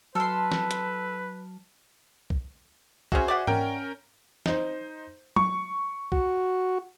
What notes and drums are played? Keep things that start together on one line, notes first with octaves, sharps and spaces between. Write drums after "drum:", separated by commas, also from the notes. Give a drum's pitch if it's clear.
F#3 A4 B4 A5 C6 F6
drum: snare
drum: hi-hat
drum: kick B1
C#4 F#4 G#4 C5 E5, drum: kick B1
D5 E5 F#5
C#4 A#4 G5, drum: tom G#2
D#4 C5, drum: snare
C#6, drum: tom F#3
F#4, drum: kick B1